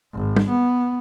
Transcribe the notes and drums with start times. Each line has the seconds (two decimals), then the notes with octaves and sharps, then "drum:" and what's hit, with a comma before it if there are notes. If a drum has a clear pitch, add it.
0.13 G#1
0.36 drum: tom G3
0.49 B3